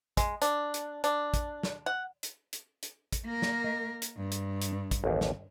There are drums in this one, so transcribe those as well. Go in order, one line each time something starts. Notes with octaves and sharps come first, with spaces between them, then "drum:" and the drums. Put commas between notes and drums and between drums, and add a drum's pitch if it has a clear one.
G#3, drum: kick, hi-hat
D4, drum: hi-hat
drum: hi-hat
D4, drum: hi-hat
drum: kick, hi-hat
drum: snare
F#5
drum: hi-hat
drum: hi-hat
drum: hi-hat
drum: kick, hi-hat
A#3 A#4
drum: snare
D#5
drum: hi-hat
G2
drum: hi-hat
drum: hi-hat
drum: kick, hi-hat
A1 D#2
drum: snare